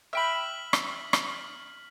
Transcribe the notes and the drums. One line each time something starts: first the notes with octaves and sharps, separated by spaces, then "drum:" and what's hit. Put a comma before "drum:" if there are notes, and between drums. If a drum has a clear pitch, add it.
E5 G5 B5 F6 B6 F#7
drum: rim click
drum: rim click